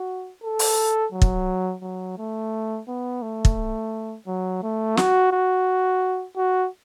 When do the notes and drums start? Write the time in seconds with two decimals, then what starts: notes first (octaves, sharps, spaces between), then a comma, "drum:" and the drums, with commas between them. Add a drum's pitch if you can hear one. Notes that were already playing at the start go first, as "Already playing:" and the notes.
Already playing: F#4
0.43 A4
0.59 drum: open hi-hat
1.12 F#3
1.22 drum: kick
1.82 F#3
2.18 A3
2.88 B3
3.22 A3
3.45 drum: kick
4.27 F#3
4.63 A3
4.97 F#4, drum: snare
5.32 F#4
6.37 F#4